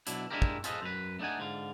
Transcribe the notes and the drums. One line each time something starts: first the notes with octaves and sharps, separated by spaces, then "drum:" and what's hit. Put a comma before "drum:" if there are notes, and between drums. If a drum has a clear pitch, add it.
B2 F#3 D4 E4, drum: hi-hat
G#3 D4 E4 F4 G4 A#4
drum: kick
F4 G#4 A4 B4 C5 D#5, drum: hi-hat
F#2 B4
A3 D4 D#4 F#5 G#5
G#2 D3 F4